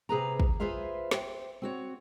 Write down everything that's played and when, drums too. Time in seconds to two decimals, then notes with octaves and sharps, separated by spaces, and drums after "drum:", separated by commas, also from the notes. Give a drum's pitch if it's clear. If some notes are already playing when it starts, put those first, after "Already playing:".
0.09 C3 G#4 B4 A#5
0.40 drum: kick
0.60 F4 G#4 B4 C5 E5 F5
1.11 C5 G5, drum: snare
1.62 C4 F#4 C#5